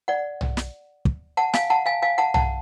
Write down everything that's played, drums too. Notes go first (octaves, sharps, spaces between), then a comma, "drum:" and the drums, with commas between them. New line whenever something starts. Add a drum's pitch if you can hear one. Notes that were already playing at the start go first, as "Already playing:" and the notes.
D5 F#5
drum: tom B1
drum: snare
drum: kick
F#5 A5
F5 G#5, drum: snare
F#5 A5
F5 G#5
F5 G#5
F#5 A5
F#5 A5, drum: tom B1